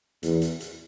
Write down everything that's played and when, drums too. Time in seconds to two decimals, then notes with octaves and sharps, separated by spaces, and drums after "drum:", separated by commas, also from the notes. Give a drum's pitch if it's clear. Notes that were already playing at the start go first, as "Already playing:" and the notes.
0.23 E2, drum: hi-hat
0.42 drum: hi-hat
0.60 drum: hi-hat